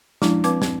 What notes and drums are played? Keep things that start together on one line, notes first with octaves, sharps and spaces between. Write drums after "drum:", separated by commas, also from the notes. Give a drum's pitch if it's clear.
F3 G#3 C#4 D4 E4, drum: snare
F3 C4 B4 F5 D6, drum: hi-hat
C4, drum: snare